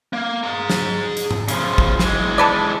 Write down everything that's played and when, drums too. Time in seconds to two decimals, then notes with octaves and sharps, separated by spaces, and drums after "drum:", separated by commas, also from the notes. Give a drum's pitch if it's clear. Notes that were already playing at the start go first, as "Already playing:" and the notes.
0.13 A#3
0.44 G#4 A#5
0.70 drum: snare
1.17 drum: hi-hat
1.31 drum: tom G#2
1.49 C#3 F3, drum: hi-hat
1.78 drum: kick
1.99 E3 G#3, drum: snare
2.38 A4 B4 D5